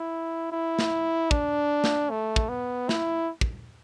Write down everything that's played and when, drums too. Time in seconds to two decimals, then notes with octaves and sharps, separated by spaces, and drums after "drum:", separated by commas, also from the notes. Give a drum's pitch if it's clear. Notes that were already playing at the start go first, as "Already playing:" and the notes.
Already playing: E4
0.52 E4
0.79 drum: snare
1.31 D4, drum: kick
1.84 drum: snare
2.11 A3
2.36 drum: kick
2.49 B3
2.89 E4, drum: snare
3.41 drum: kick